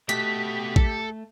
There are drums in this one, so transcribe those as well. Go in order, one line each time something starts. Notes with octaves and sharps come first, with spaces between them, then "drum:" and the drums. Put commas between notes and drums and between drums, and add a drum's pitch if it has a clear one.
A3 F#4 G4 D#5 B6, drum: hi-hat
A4, drum: kick